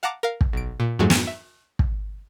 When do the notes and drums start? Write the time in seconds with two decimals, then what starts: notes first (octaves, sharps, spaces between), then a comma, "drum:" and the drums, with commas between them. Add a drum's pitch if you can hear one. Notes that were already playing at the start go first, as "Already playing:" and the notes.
0.03 F5 F#5 A5 A#5 D6
0.23 A#4 F5
0.41 drum: kick
0.53 B1 D7
0.80 A#2
0.99 F2 G#2 F#3 G#3 A3
1.10 drum: snare
1.27 E5
1.79 drum: kick